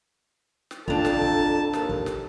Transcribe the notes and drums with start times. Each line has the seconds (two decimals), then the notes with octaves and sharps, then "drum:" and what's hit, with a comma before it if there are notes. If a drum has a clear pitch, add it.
0.71 drum: snare
0.88 F2 D4 A4 A5 A#5, drum: kick
1.05 drum: snare
1.22 drum: kick
1.73 D#2, drum: snare
1.89 drum: kick
2.06 drum: snare